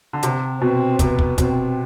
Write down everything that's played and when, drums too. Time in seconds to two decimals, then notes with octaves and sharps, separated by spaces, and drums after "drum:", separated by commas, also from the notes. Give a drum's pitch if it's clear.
0.13 D3
0.23 C3 C4, drum: hi-hat
0.61 B2 C4
0.99 C3 B3, drum: kick, hi-hat
1.19 drum: kick
1.38 B2 C4, drum: kick, hi-hat